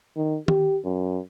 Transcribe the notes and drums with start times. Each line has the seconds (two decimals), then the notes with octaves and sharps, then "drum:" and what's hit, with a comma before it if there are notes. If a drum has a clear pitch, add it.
0.17 D#3
0.48 G4, drum: tom D#3
0.84 F#2